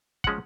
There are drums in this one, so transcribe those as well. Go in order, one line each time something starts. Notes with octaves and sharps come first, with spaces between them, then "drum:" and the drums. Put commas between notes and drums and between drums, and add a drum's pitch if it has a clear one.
F3 G#3 C#4 F#5, drum: kick